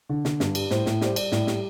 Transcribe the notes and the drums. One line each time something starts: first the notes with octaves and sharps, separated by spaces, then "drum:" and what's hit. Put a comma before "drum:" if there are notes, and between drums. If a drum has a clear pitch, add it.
D3
D3, drum: snare
G2, drum: snare
G3, drum: cymbal
A2 C5, drum: snare
A2, drum: snare
G3 C5, drum: snare
G3 D5, drum: cymbal
A2, drum: snare
G3, drum: snare